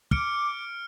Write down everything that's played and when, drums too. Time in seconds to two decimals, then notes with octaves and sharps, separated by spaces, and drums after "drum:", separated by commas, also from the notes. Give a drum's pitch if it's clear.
0.11 D6 F6 C#7 D7, drum: kick